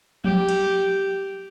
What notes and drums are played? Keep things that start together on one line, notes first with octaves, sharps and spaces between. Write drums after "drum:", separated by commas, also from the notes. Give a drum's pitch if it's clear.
G4, drum: tom F3
drum: cymbal